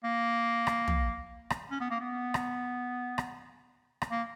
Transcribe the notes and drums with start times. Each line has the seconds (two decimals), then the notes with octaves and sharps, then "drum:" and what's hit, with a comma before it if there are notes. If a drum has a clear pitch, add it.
0.04 A#3
0.67 drum: rim click
0.88 drum: tom
1.50 drum: rim click
1.71 C#4
1.81 B3
1.90 A#3
2.01 B3
2.34 drum: rim click
3.18 drum: rim click
4.02 drum: rim click
4.11 A#3